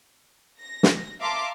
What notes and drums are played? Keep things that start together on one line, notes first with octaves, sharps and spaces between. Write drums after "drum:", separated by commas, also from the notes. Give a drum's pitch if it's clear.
A#6
drum: snare
E5 F5 A5 A#5 C6 D6